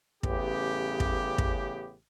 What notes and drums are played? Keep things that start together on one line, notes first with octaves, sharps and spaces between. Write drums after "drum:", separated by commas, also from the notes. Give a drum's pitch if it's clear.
A1 C#3 B3 G4, drum: kick
drum: kick
drum: kick